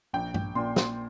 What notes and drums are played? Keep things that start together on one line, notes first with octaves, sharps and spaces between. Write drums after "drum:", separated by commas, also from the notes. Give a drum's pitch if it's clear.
A#1 G5
drum: tom G2
A#2 C6
drum: snare